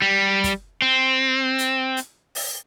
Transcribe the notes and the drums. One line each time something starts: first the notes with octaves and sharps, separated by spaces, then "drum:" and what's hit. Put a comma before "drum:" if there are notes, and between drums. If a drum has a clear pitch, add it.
G3
drum: kick, hi-hat
C4
drum: hi-hat
drum: hi-hat
drum: open hi-hat